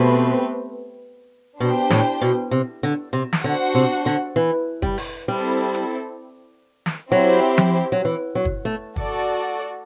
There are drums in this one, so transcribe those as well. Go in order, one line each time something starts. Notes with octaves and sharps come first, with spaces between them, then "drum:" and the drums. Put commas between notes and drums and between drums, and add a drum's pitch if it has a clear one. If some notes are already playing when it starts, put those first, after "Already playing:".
Already playing: B2 A3 C4 G4 B4
B2 D4 G4 C5 G5
A2, drum: snare
B2
C3
D3
C3
drum: snare
D3 D4 F#4 C5 F#5
C3
D3
E3
G3, drum: kick
drum: open hi-hat
G3 C4 E4 A4
drum: hi-hat
drum: snare
F#3 C4 E4 G4 C5
drum: tom F3
F#3
E3
F#3
drum: kick
A3
F#4 A4 D5, drum: kick